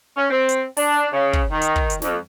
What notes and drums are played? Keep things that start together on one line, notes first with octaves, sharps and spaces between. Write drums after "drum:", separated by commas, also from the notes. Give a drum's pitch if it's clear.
C#4
C4
drum: hi-hat
D4, drum: open hi-hat
C#3
drum: kick
D#3
drum: hi-hat
drum: kick
drum: hi-hat
F2, drum: snare